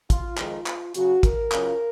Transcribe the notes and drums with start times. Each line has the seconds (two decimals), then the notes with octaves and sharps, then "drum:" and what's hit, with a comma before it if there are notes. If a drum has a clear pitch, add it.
0.10 F4, drum: kick, hi-hat
0.37 F2 D#3 G#3 D#4 F4, drum: clap
0.66 drum: clap
0.94 C#3 F#3 C#4 F#4, drum: hi-hat
1.23 A#4, drum: kick, hi-hat
1.52 C#3 F#3 C#4 F4, drum: clap